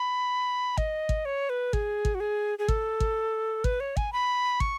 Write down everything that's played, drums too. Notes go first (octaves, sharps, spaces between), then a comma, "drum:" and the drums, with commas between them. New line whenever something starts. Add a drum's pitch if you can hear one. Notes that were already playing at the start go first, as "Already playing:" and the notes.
Already playing: B5
D#5, drum: kick
drum: kick
C#5
B4
G#4, drum: kick
drum: kick
F#4
G#4
G#4
A4, drum: kick
drum: kick
B4, drum: kick
C#5
G#5, drum: kick
B5
C#6, drum: kick